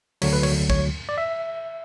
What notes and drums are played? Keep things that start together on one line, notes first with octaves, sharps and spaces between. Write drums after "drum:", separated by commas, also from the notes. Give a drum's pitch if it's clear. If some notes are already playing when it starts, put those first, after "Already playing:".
D2 D3 F#3 C#5, drum: cymbal
B4
C#5, drum: cymbal
C#5, drum: kick
D5
E5